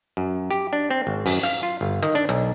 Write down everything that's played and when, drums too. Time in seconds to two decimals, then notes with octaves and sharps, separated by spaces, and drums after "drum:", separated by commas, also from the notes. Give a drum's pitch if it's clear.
0.17 F#2
0.51 G4, drum: hi-hat
0.73 D4
0.90 C4
1.07 G#1
1.26 F#2, drum: open hi-hat
1.43 F5, drum: snare
1.63 F4
1.81 G1
2.03 D#3, drum: snare
2.15 D4, drum: hi-hat
2.29 B1, drum: snare